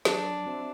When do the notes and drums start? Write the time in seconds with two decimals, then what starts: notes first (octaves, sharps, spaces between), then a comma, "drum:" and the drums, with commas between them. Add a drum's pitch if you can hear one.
0.05 F#3 D4, drum: snare
0.46 C4 F#4 C5 E5